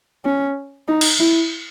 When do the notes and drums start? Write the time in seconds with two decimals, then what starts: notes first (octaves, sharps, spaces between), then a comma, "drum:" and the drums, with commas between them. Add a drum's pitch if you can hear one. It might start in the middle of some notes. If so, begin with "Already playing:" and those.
0.25 C#4
0.88 D#4
1.01 drum: cymbal
1.20 E4